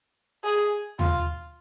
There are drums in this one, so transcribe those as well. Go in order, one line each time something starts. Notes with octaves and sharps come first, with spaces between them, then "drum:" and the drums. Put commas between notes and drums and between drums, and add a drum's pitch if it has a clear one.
G#4
F4, drum: tom D#2